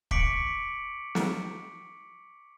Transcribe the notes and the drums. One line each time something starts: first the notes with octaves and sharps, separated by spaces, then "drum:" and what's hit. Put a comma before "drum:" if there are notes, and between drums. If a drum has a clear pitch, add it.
C#6 D6 B6 C#7 D7 F#7, drum: kick
drum: snare